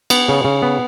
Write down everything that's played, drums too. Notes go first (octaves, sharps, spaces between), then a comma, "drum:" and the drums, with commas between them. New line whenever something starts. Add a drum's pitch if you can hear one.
B3, drum: cymbal
C#3
C#3
B3